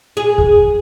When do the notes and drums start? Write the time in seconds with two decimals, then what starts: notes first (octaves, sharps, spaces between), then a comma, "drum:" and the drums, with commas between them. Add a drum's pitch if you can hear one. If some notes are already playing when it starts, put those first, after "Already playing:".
0.17 G#4
0.38 drum: kick